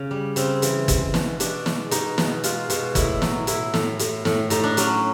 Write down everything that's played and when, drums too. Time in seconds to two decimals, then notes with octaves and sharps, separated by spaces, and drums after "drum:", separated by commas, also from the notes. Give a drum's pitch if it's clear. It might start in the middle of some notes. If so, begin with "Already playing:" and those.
Already playing: C#3
0.11 G3
0.36 C#3 C4, drum: hi-hat
0.62 E3, drum: hi-hat
0.88 G#3, drum: kick G1, hi-hat
1.14 B2, drum: snare
1.40 B2 D4, drum: hi-hat
1.66 G#3, drum: snare
1.91 B2 D#4, drum: hi-hat
2.18 B2, drum: snare
2.44 G#3 F4, drum: hi-hat
2.70 B2, drum: hi-hat
2.95 A2 E4, drum: kick G1, hi-hat
3.22 F#3, drum: snare
3.47 A2 E4, drum: hi-hat
3.74 A2, drum: snare
3.99 A2, drum: hi-hat
4.25 A2, drum: snare
4.50 A2 D#4, drum: hi-hat
4.63 D4
4.77 F#3 C#4, drum: hi-hat